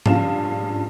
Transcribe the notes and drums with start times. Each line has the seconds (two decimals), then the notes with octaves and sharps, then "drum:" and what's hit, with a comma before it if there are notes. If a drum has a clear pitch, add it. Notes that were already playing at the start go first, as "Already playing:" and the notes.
0.06 G2 C#3 F3 F4 F5 E7, drum: tom G#2